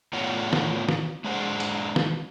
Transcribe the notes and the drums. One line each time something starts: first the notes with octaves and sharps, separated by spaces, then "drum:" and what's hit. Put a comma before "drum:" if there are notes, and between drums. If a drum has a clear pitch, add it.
A2 B3 F4 C#5 D5 F#5
drum: snare
drum: snare
G#3 D4 C5 F#5
drum: hi-hat
drum: snare